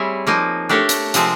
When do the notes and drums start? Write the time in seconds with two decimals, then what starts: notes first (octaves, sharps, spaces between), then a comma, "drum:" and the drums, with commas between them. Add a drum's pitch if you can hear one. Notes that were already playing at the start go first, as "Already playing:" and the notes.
Already playing: G3 C4 E4 G#4 C#5
0.27 F3 A#3 D#4
0.69 A3 D4 G4 A#4 C#5
0.89 drum: hi-hat
1.14 C3 F3 G#3 C4, drum: hi-hat